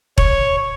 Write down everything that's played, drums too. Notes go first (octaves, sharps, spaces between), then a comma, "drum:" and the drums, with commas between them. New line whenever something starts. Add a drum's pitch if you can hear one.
C#5, drum: kick E1